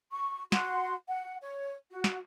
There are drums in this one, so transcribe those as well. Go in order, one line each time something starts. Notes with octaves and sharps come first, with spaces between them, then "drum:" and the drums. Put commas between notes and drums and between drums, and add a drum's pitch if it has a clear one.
C#6
F#4 F#5 C6, drum: snare
F#5
C#5
F#4
drum: snare